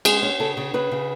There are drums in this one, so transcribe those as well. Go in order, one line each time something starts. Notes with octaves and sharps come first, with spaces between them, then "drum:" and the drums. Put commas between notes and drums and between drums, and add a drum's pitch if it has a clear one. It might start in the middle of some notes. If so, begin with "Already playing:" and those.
G#3 G#4, drum: cymbal
C#4
C#3 A4
C#3
C#3 B4
C#3